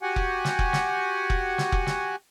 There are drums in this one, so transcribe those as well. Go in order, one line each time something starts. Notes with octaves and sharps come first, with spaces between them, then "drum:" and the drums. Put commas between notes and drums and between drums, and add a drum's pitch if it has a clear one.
F#4 G4 F#5 G#5
drum: kick F1
drum: snare
drum: kick F1
drum: snare
drum: kick F1
drum: snare
drum: kick F1
drum: snare